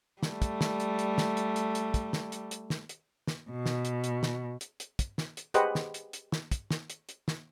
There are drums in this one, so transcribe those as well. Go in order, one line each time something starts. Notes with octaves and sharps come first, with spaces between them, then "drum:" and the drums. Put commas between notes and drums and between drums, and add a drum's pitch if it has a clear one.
G3 A3, drum: snare
drum: kick, hi-hat
drum: snare
drum: hi-hat
drum: hi-hat
drum: snare
drum: hi-hat
drum: hi-hat
drum: hi-hat
drum: kick, hi-hat
drum: snare
drum: hi-hat
drum: hi-hat
drum: snare
drum: hi-hat
drum: snare
B2
drum: snare
drum: hi-hat
drum: hi-hat
drum: snare
drum: hi-hat
drum: hi-hat
drum: kick, hi-hat
drum: snare
drum: hi-hat
G4 G#4 B4 C5 D#5 F#5, drum: hi-hat
drum: snare
drum: hi-hat
drum: hi-hat
drum: snare
drum: kick, hi-hat
drum: snare
drum: hi-hat
drum: hi-hat
drum: snare